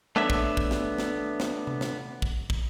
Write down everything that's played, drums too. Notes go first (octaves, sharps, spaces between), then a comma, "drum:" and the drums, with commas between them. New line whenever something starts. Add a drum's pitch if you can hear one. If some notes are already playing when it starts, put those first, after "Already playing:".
A3 B3 D4 C#5 E5
drum: kick
drum: kick
drum: snare
drum: snare
drum: snare
drum: tom C3
drum: snare
drum: kick
drum: kick